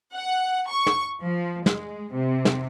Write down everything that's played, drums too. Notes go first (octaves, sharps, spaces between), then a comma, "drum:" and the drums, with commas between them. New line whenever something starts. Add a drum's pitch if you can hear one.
F#5
C#6
drum: snare
F3
G#3, drum: snare
C3
drum: snare